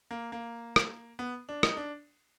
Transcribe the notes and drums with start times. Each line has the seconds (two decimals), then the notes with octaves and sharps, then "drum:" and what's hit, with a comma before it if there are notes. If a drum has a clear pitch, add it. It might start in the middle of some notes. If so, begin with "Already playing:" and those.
0.11 A#3
0.32 A#3
0.76 drum: rim click
1.19 B3
1.49 D4
1.63 D#4, drum: rim click
1.77 D4